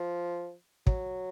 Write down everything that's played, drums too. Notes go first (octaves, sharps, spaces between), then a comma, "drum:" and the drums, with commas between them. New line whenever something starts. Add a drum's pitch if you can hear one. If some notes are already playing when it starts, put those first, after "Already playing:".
Already playing: F3
F#3, drum: kick